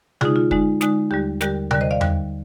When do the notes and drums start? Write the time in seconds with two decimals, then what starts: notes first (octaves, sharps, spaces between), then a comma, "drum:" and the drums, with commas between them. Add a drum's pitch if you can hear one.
0.21 D3 G#3 D#4 F4 G#4, drum: tom C3
0.36 F4
0.51 D3 G#3 D#4, drum: kick
0.81 D3 G#3 D#4, drum: snare
1.11 D#2 D3 G3 G4
1.41 D#2 D3 G3 G4 A#4, drum: snare
1.71 D#2 D3 G3 A#4 D5, drum: tom C3
1.81 C5 D#5
1.91 D5 F5
2.01 D#2 D3 G3, drum: tom E2